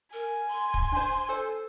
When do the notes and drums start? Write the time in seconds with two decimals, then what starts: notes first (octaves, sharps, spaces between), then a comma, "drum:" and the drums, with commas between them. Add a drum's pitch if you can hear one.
0.13 A#4 G#5
0.49 C6
0.74 drum: kick
0.92 D4 C5
1.29 A4 C5